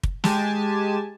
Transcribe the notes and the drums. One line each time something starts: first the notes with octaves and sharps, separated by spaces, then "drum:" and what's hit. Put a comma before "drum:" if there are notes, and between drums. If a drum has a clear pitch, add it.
drum: kick
G#3 G4 G#5 A5, drum: snare